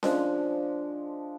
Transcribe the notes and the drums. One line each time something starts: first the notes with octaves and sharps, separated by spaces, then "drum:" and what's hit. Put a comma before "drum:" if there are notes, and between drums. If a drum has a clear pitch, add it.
F3 G#3 D4, drum: snare C#4